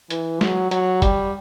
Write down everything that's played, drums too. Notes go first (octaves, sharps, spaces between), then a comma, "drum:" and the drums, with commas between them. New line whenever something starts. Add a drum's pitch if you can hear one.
E3, drum: hi-hat
F#3, drum: snare
F#3, drum: hi-hat
G3, drum: kick, hi-hat